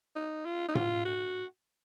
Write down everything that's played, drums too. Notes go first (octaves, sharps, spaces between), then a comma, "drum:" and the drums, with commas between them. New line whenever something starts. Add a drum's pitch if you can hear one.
D#4
F4
D#4
F4, drum: tom A2
F#4